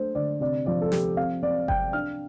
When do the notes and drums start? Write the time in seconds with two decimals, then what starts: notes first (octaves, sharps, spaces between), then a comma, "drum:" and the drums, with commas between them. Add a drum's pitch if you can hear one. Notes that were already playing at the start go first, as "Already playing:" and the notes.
Already playing: A3 D4 C5
0.15 D3 D5
0.41 C3 D5
0.66 F3 D5
0.82 A4
0.92 F3 G4, drum: snare
1.17 C4 F5
1.43 C4 D5
1.68 C3 G5, drum: kick G1
1.93 D4 F6